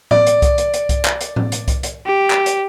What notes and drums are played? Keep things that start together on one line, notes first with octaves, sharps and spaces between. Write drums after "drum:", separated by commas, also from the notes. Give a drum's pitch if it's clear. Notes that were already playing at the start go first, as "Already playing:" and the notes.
D5, drum: tom A2
drum: hi-hat
drum: kick C2, hi-hat
drum: hi-hat
drum: hi-hat
drum: kick C2, hi-hat
drum: clap
drum: hi-hat
drum: tom A2
drum: hi-hat
drum: kick C2, hi-hat
drum: hi-hat
G4
drum: clap
drum: hi-hat